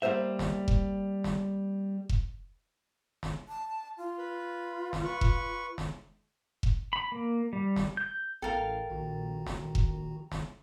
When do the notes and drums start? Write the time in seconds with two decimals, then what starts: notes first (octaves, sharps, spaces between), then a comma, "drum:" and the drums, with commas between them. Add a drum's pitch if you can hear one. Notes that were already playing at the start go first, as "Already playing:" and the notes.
0.02 G3 A#3 C5 E5
0.39 drum: snare
0.68 drum: kick F1
1.24 drum: snare
2.09 drum: kick F1
3.23 drum: snare
3.48 A5
3.97 F4
4.18 B4
4.93 drum: snare
5.04 B4 C#6
5.21 drum: kick F1
5.78 drum: snare
6.63 drum: kick F1
6.93 B5
7.12 A#3
7.53 G3
7.76 drum: snare
7.97 G6
8.42 A1 A4 A#4 F5 G5
8.90 A#1 D#3 F#4 A#5
9.47 drum: snare
9.75 drum: kick F1
10.32 drum: snare